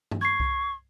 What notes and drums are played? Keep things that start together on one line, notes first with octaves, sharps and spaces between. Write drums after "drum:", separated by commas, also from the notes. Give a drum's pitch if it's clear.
drum: tom G2
C#6 G#6 C7
drum: kick C2